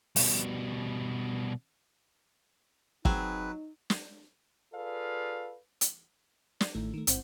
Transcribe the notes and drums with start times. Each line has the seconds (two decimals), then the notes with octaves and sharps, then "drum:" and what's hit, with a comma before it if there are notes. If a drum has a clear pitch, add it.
0.16 B2 G3, drum: open hi-hat
3.05 F#3 C4 D#4 G#4 B4, drum: kick
3.90 drum: snare
4.74 F4 G#4 A4 B4 D5 F5
5.81 drum: hi-hat
6.61 D5, drum: snare
6.75 A1 A2 D#3 A3
6.94 D#3 A3
7.07 A1 G#2 C4 C5 F#5, drum: hi-hat